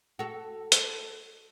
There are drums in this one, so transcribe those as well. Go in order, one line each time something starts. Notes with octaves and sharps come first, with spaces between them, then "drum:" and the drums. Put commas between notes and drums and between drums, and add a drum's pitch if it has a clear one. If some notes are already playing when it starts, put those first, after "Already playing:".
F#4 A4
drum: hi-hat